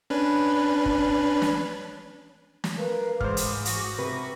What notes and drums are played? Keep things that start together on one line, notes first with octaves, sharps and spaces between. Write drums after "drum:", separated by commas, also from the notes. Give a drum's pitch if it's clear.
C#4 D4 B4
drum: kick
drum: snare
drum: snare
A#4 B4 F5
G#2 E3 G#4 C5 D6 F6, drum: kick
drum: hi-hat
F#4, drum: hi-hat
C3 B4